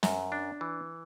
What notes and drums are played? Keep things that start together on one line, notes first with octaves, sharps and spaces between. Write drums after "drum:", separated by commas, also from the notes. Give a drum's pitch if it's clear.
F#2, drum: snare
D4
E3